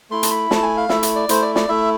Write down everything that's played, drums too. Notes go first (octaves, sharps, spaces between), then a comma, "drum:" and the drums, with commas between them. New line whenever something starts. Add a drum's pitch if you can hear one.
A3 E4 C6
A5, drum: hi-hat
B5
A3 E4 A5, drum: snare
G#5
F5
A3 E4 E5, drum: snare
drum: hi-hat
D5
A3 E4 C5, drum: hi-hat
D5
D5, drum: snare
A3 E4 E5